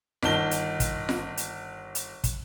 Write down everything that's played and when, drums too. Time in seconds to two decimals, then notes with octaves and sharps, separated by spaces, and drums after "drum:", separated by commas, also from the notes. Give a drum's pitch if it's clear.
0.22 G1 D#3 A5 G7, drum: snare F4
0.51 drum: hi-hat
0.80 drum: kick, hi-hat
1.09 drum: snare F4
1.37 drum: hi-hat
1.95 drum: hi-hat
2.24 drum: kick, hi-hat